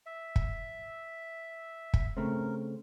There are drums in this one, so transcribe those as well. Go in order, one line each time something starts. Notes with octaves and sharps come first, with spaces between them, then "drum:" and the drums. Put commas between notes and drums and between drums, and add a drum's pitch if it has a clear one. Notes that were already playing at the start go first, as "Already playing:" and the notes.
E5
drum: kick
drum: kick
C#3 A3 C4 A#4